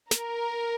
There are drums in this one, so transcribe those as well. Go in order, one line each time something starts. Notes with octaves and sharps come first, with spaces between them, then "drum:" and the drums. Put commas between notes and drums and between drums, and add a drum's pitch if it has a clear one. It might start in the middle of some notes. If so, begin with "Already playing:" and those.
A#4, drum: snare